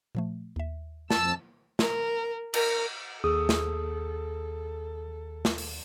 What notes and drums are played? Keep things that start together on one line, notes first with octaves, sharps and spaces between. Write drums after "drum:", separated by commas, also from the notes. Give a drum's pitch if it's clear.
A#2 F3 A3
D#2 E5
F2 A5 E6, drum: snare
A#4, drum: snare
A#4, drum: cymbal
D#2 G#4 A4 D#6 E6
drum: snare
drum: snare
drum: open hi-hat